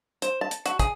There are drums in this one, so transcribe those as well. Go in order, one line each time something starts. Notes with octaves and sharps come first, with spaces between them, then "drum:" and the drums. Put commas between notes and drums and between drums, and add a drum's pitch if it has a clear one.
C5, drum: hi-hat
A5
drum: hi-hat
F#4, drum: hi-hat
G#4, drum: kick, hi-hat